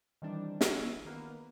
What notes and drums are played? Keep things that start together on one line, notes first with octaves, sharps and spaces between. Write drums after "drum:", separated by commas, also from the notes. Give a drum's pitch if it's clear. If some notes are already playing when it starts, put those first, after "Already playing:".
D#3 E3 G3 C4 D4
E4 F4 G#4 C#5 D#5 E5, drum: snare
D#3 A#3 B3